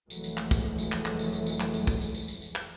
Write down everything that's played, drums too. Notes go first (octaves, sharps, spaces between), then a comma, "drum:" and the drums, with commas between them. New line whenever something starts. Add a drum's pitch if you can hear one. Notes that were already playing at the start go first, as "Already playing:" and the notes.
F1 E3 F#3 G#3 A3, drum: tambourine
drum: tambourine
drum: clap
drum: kick, tambourine
drum: tambourine
drum: clap
drum: clap
drum: tambourine
drum: tambourine
drum: tambourine
drum: clap
drum: tambourine
drum: kick, tambourine
drum: tambourine
drum: tambourine
drum: tambourine
drum: tambourine
drum: clap